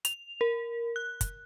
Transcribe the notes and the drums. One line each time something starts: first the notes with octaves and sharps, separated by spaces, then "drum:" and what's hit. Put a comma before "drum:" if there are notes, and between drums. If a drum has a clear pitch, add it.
F7, drum: hi-hat
A#4
F#6
drum: kick, hi-hat